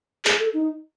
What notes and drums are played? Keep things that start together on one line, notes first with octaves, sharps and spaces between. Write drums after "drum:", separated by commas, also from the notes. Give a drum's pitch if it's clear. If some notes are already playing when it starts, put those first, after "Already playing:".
G#4, drum: clap
A4
D#4